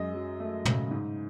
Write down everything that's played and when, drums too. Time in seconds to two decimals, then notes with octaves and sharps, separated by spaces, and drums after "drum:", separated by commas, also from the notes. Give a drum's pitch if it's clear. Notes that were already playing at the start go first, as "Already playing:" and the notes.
Already playing: F#2 G#3 D#5
0.14 F#3
0.40 A3
0.65 C#3, drum: tom
0.91 G#2